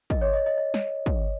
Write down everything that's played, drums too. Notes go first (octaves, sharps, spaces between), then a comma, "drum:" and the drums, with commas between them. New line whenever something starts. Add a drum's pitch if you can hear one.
D#5, drum: kick
C#5
D#5
D#5
D#5
drum: snare
drum: kick